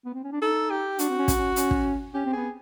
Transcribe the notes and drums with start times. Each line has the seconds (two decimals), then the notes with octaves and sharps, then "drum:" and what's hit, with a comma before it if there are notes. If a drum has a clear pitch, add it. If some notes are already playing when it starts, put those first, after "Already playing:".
0.05 B3
0.14 C4
0.24 C#4
0.32 D4
0.41 D#4 A4
0.70 G4
0.99 D4 F#4, drum: hi-hat
1.09 C4
1.18 C#4
1.28 drum: kick, hi-hat
1.38 C#4
1.56 C#4, drum: hi-hat
1.71 drum: kick
2.13 C#4 G4
2.26 C4
2.33 B3 G#4